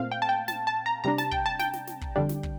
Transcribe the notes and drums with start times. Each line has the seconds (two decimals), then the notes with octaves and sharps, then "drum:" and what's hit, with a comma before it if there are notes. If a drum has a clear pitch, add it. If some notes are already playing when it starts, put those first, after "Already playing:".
Already playing: A#2 A3 C4 F5
0.12 G5
0.22 A5
0.29 G5
0.48 A5, drum: snare
0.67 A5
0.86 A#5
1.04 C3 G3 D4 A#5
1.18 A5, drum: snare
1.31 G5, drum: kick
1.46 A5
1.59 G5, drum: snare
1.74 drum: snare
1.87 drum: snare
2.01 drum: kick
2.16 F2 D3 G3 D4
2.29 drum: snare
2.43 drum: kick